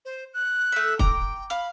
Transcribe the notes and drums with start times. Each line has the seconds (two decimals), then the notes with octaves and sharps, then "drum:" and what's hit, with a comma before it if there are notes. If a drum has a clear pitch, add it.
0.05 C5
0.34 F#6
0.72 A3 E5
0.99 G5 A#5 D6, drum: kick
1.50 F5 B5